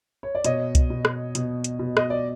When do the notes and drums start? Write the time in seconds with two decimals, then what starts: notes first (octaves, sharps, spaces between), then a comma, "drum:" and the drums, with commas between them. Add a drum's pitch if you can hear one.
0.23 C#5
0.35 D5
0.44 B2 C#5 D#5, drum: hi-hat
0.75 drum: kick C2, hi-hat
0.90 B2
1.05 drum: rim click
1.35 B2, drum: hi-hat
1.64 drum: hi-hat
1.79 B2
1.97 D#5, drum: rim click
2.10 D5